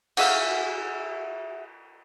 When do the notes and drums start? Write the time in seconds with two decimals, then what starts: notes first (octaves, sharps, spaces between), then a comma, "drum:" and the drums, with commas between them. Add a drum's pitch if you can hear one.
0.17 F#4 G#4 E5 F5, drum: cymbal